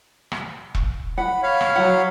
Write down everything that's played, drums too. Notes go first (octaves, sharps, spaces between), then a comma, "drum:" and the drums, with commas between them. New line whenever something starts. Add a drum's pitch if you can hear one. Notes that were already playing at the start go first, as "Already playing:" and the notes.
drum: rim click
drum: kick E1
F#5 B5
C#5 F5 B5
drum: rim click
F#3 F#5